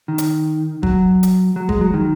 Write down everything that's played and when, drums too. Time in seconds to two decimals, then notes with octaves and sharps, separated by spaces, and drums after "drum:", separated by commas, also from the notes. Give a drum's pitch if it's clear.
0.08 D#3
0.18 drum: hi-hat
0.83 F#3, drum: kick
1.23 drum: hi-hat
1.56 F#3
1.69 G#3, drum: kick
1.81 F#3
1.94 D#3